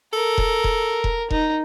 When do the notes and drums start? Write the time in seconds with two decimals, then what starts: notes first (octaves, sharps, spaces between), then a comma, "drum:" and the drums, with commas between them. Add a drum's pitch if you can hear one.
0.13 A4 A#4
0.38 drum: kick E1
0.64 drum: kick E1
1.04 drum: kick E1
1.31 D#4, drum: kick E1